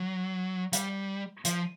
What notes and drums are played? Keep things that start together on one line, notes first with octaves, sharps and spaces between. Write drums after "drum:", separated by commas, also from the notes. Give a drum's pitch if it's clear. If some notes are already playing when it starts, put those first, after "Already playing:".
Already playing: F#3
G3, drum: hi-hat
F3, drum: hi-hat